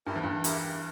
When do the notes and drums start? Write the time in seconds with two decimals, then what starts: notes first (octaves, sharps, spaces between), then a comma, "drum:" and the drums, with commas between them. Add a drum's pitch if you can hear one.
0.06 G2 E4 G4 A#4
0.16 E2
0.24 G2
0.44 E4 G4 A#4, drum: hi-hat